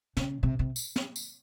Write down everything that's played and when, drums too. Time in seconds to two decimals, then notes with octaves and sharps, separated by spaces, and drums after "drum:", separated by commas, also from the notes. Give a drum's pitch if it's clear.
0.17 C#3, drum: snare
0.43 C3
0.59 C3
0.76 drum: tambourine
0.96 drum: snare
1.16 drum: tambourine